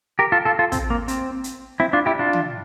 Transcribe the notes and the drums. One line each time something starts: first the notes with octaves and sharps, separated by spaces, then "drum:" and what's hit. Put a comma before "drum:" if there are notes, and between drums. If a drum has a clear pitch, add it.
G4 A#4
F4 A4
F4 A4
F4 A4
C4, drum: kick, hi-hat
A#3
C4, drum: hi-hat
drum: hi-hat
C4 E4
D4 F4
E4 G4
D4 F4
drum: tom